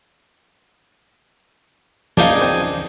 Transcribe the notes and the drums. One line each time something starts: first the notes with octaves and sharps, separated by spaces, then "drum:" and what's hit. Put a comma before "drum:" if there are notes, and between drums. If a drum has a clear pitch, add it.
A#3 D4 D#4 G#4 C5 F5 D#6, drum: snare
C4 C5